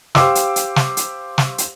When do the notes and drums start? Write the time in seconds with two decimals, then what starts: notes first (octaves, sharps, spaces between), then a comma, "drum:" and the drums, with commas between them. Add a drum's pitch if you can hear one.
0.15 G4 C5 F5 D6 E6, drum: snare
0.35 drum: hi-hat
0.56 drum: hi-hat
0.76 drum: snare
0.97 drum: hi-hat
1.38 drum: snare
1.58 drum: hi-hat